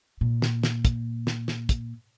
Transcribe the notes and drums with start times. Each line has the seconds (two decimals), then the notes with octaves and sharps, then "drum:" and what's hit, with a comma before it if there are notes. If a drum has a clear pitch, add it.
0.21 A#2
0.42 drum: snare
0.63 drum: snare
0.85 drum: kick, hi-hat
1.27 drum: snare
1.48 drum: snare
1.69 drum: kick, hi-hat